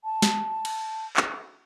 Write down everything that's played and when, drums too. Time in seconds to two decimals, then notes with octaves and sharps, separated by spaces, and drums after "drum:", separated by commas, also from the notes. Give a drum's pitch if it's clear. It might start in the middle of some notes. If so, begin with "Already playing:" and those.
0.04 A5
0.22 drum: snare
0.65 drum: cymbal
1.17 drum: clap